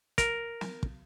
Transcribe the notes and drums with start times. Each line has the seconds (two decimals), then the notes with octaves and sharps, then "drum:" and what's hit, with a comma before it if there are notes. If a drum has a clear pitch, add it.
0.18 A#4, drum: kick, hi-hat
0.61 drum: snare
0.83 drum: kick